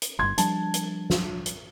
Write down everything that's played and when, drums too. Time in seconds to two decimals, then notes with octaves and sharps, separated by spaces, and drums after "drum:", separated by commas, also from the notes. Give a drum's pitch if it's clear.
0.02 drum: hi-hat
0.19 G1 G2 C6 G#6
0.38 F3 G3 D4 A5, drum: hi-hat
0.74 drum: hi-hat
1.10 drum: snare
1.46 drum: hi-hat